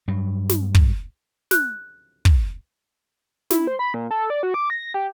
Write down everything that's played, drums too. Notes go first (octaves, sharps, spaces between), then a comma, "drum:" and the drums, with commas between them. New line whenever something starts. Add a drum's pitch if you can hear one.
G2 F#3
drum: snare
drum: kick
F#6, drum: snare
drum: kick
E4, drum: snare
C5
B5
A#2
A4
D5
F#4
D6
A#6
G4